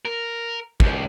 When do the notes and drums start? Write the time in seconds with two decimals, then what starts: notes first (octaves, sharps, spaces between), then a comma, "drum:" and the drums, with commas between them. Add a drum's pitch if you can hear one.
0.05 A#4
0.80 C#2, drum: kick